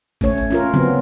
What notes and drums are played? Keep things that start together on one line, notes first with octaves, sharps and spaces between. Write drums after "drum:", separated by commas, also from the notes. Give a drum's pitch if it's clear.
A3 C#4 C#5, drum: kick G#1, tambourine
drum: tambourine
C#4 F4 A#4
F#3 B3 C4, drum: tom C3